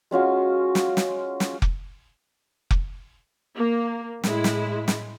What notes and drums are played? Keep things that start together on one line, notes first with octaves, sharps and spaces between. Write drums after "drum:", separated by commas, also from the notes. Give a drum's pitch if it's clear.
G#3 C#4 F4 F#4
drum: snare
drum: snare
drum: snare
drum: kick F1
drum: kick F1
A#3
A2 G#3 E4, drum: snare
drum: snare
drum: snare